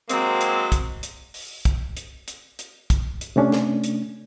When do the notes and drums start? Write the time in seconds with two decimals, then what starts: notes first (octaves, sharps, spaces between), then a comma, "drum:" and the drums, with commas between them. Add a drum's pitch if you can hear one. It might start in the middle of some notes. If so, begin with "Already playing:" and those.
0.09 F#3 G#3 A#3 C4, drum: hi-hat
0.41 drum: hi-hat
0.72 drum: kick, hi-hat
1.03 drum: hi-hat
1.34 drum: open hi-hat
1.65 drum: kick, hi-hat
1.97 drum: hi-hat
2.28 drum: hi-hat
2.59 drum: hi-hat
2.90 drum: kick, hi-hat
3.21 drum: hi-hat
3.36 C3 A3 C#4 D4
3.52 drum: snare
3.84 drum: hi-hat